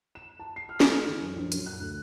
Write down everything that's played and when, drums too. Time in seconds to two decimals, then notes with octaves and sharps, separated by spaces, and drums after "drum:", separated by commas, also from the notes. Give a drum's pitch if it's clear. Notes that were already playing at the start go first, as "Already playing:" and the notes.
0.15 E7
0.39 A5
0.56 C7
0.69 F6
0.80 drum: snare
0.91 A4
1.09 E3
1.22 F#2
1.36 A#1
1.52 F#2, drum: hi-hat
1.66 F#6
1.80 D2